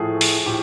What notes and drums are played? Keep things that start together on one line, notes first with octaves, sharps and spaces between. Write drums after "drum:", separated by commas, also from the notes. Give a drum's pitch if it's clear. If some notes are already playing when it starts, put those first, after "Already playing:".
Already playing: A2 F3 A3 G#4
drum: open hi-hat
A2 F3 G4